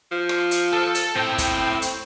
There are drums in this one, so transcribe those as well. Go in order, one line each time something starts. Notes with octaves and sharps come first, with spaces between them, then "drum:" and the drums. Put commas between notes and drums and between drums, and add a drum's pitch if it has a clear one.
F3
drum: rim click
drum: hi-hat
A4
drum: hi-hat
A2 C4 G5
drum: kick, hi-hat
drum: hi-hat